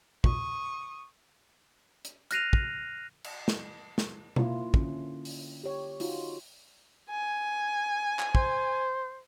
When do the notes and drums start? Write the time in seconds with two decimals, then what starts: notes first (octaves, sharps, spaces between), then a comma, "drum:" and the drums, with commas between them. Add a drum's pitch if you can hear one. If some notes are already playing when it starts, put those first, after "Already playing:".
0.24 D#2 A#2 C#6 D#6, drum: kick
2.05 drum: hi-hat
2.31 F6 F#6 A#6 C7 D#7 F7, drum: hi-hat
2.53 drum: kick
3.24 drum: cymbal
3.48 drum: snare
3.98 drum: snare
4.36 A#3 E4 F4, drum: tom B2
4.74 D3 C#4, drum: kick
5.25 drum: open hi-hat
5.64 G4 C#5
6.00 D#4 F4 F#4, drum: open hi-hat
7.10 G#5
8.19 drum: clap
8.35 C5, drum: kick